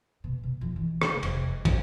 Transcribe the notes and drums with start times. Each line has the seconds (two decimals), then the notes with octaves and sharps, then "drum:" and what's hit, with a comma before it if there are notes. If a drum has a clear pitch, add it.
0.24 B2
0.43 B2
0.61 F2
0.76 E3
1.02 drum: rim click
1.12 C#2
1.23 F1, drum: cymbal
1.48 G3
1.65 E2, drum: kick, cymbal